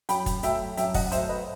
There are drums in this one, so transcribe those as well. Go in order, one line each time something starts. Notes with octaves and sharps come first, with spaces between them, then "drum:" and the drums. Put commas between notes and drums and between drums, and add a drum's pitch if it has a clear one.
F#2 G5 B5, drum: hi-hat
drum: kick, hi-hat
F#3 A3 E5 G5, drum: hi-hat
F#2 E5 G5, drum: hi-hat
D#5 F#5, drum: kick, open hi-hat
F#3 A3 C5 E5, drum: hi-hat
B4 D#5